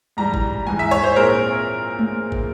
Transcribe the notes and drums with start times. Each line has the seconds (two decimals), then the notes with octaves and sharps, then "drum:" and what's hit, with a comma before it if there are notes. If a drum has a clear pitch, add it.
0.17 G#2 E3 G3 A#5
0.34 drum: kick
0.67 G#2 E3 G3 G#5
0.79 E5
0.91 C#5
1.04 C5
1.16 A#2 G#3 C4 A#4
1.99 drum: tom G#3
2.32 drum: kick